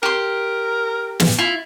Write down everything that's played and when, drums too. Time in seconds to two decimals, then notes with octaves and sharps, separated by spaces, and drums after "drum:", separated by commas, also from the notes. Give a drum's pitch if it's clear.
0.03 G4 A#4 C6
1.20 drum: snare
1.38 E4 F4